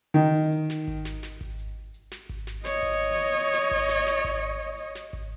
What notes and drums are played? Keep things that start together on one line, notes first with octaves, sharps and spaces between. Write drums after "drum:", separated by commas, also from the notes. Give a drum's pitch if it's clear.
D#3, drum: hi-hat
drum: open hi-hat
drum: hi-hat
drum: snare
drum: kick G#1, hi-hat
drum: snare
drum: snare
drum: kick G#1, hi-hat
drum: hi-hat
drum: hi-hat
drum: snare
drum: kick G#1, hi-hat
drum: snare
C#5 D#5, drum: snare
drum: kick G#1, hi-hat
drum: open hi-hat
drum: snare
drum: kick G#1, hi-hat
drum: snare
drum: snare
drum: kick G#1, hi-hat
drum: hi-hat
drum: open hi-hat
drum: hi-hat
drum: snare
drum: kick G#1, hi-hat